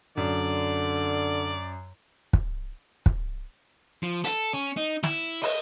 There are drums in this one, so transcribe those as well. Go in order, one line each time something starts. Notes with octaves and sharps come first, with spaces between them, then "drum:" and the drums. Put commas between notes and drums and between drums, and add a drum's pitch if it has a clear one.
F#2 D3 D5
drum: kick
drum: kick
F3
A4, drum: hi-hat
C#4
D#4
E4, drum: snare
D#5, drum: open hi-hat